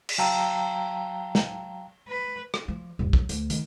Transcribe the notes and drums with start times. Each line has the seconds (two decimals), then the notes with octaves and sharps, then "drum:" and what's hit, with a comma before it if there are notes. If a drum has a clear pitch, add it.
0.09 drum: cymbal
0.18 F#3 F5 G5 A5 A#5 E6
1.35 drum: snare
2.08 B4
2.54 drum: rim click
2.68 F3
2.99 D#1 G#2
3.13 F#3, drum: kick
3.29 D2, drum: hi-hat
3.50 D#3, drum: hi-hat